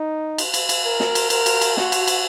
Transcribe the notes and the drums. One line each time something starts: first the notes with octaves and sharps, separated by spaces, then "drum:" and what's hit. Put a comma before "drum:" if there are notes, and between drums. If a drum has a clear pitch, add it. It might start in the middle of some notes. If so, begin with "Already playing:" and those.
Already playing: D#4
drum: cymbal
drum: cymbal
drum: cymbal
A#4
drum: snare
drum: cymbal
A#4, drum: cymbal
drum: cymbal
drum: cymbal
F#4, drum: snare
drum: cymbal
drum: cymbal